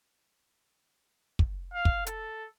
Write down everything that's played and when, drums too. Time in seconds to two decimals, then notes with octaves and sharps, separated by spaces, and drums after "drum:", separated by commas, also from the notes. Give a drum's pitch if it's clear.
1.39 drum: kick
1.74 F5
1.85 drum: kick
2.06 A4, drum: hi-hat